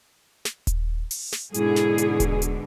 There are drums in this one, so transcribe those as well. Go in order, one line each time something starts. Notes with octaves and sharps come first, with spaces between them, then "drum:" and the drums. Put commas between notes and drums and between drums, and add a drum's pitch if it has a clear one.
drum: snare
drum: kick D#1, hi-hat
drum: open hi-hat
drum: snare
G#2 B2 D3 E4 G#4, drum: hi-hat
drum: snare
drum: hi-hat
drum: kick D#1, hi-hat
drum: hi-hat